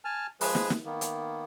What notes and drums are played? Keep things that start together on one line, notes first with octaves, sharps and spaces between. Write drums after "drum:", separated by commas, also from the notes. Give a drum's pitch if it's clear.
G#5 A5 F6
F3 G#3 G#4 B4, drum: open hi-hat
drum: snare
drum: snare
D#3 A#3 B3
drum: hi-hat